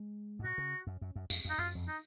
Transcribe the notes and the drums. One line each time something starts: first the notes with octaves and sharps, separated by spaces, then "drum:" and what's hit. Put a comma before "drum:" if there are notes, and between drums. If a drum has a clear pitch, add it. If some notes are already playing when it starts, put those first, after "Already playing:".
Already playing: G#3
G#2
A#2 F#4
C#3
F#2
F#2
F#2
F2, drum: tambourine
F2 D#4
F#2 F4
F2
D#4